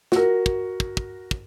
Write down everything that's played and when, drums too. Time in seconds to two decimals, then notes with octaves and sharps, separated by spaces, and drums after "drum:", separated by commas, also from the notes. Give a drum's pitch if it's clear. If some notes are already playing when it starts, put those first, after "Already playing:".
0.12 F#4 A#4, drum: snare
0.46 drum: kick
0.80 drum: kick
0.97 drum: kick
1.31 drum: kick